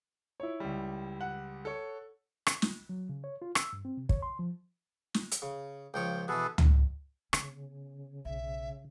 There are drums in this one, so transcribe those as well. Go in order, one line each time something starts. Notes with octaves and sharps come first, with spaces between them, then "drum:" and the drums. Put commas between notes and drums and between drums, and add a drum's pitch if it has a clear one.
E4 C#5
C#2 G3
F#5
A4 C#5
drum: rim click
drum: snare
F#3
C#3
C#5
F4
E6, drum: rim click
G2
C4
C3
C#5, drum: kick
C6
F3
drum: snare
drum: hi-hat
C#3
C#2 F3 C#5 G5
B2 E3 G#4 A4 B4
drum: tom C#2
C#3 B3 C#4, drum: rim click
B1 E5